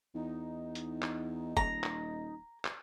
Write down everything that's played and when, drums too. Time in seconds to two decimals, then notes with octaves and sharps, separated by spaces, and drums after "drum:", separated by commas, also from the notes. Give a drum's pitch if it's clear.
0.15 E2 D#4
0.75 drum: hi-hat
1.02 drum: clap
1.57 D#1 A#5, drum: kick
1.84 drum: clap
2.65 drum: clap